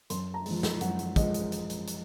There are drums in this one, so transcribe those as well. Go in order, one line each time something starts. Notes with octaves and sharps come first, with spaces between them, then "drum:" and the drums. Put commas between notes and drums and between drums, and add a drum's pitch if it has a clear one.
F#2 C6, drum: hi-hat
A#5
F3 G#3, drum: open hi-hat
drum: snare
F#2 F#5, drum: hi-hat
drum: hi-hat
F3 G#3 D#5, drum: kick, hi-hat
drum: hi-hat
drum: hi-hat
drum: hi-hat
drum: hi-hat